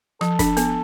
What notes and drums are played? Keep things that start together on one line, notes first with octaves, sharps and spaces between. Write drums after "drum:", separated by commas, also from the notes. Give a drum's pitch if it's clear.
F3 A4, drum: rim click
D4, drum: kick, hi-hat
B3, drum: hi-hat